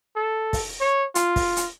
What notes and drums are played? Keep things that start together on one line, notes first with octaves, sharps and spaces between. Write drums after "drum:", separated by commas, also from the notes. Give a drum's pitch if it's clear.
A4
drum: kick, open hi-hat
C#5
F4, drum: hi-hat
drum: kick, open hi-hat
drum: hi-hat